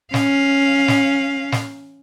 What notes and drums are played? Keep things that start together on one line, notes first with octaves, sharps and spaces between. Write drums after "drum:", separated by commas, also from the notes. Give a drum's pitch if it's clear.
C#4 F5, drum: snare
drum: snare
drum: snare